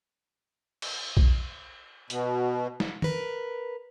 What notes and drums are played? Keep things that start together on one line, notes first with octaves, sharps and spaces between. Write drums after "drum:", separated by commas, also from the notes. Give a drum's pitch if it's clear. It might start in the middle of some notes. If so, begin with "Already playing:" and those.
drum: cymbal
drum: kick
B2, drum: hi-hat
drum: snare
A#4 B4, drum: tom